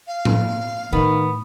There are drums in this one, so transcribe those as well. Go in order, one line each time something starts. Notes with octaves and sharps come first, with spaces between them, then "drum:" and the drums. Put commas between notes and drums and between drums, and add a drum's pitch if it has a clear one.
F5
drum: tom A2
A2 D#3 B3